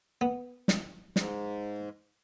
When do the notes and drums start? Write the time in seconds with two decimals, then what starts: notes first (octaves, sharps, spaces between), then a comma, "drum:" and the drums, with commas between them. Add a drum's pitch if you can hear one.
0.21 B3
0.68 drum: snare
1.16 G#2, drum: snare